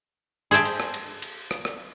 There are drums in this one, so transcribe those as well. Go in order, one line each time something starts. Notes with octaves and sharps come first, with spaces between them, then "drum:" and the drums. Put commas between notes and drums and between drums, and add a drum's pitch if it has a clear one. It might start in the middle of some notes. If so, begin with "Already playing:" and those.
G#4 C5 E5 G5 A5
drum: cymbal
drum: rim click
drum: cymbal
drum: cymbal
drum: rim click
drum: rim click